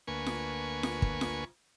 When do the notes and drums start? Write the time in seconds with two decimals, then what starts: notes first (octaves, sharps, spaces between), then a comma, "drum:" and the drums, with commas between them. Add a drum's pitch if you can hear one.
0.07 D2 A#3 B4 G#5 C#6
0.26 drum: snare
0.83 drum: snare
1.02 drum: kick
1.21 drum: snare